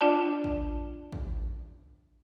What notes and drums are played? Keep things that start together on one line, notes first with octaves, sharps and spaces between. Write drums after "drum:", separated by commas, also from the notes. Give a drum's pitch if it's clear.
D4 F4 D5 A5
drum: kick
drum: kick